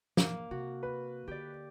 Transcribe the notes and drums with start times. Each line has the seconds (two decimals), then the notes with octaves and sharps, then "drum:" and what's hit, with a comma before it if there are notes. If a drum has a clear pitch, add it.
0.17 A#3, drum: snare
0.51 C3 F#4
0.83 B4
1.28 D3 D#4 G4 D5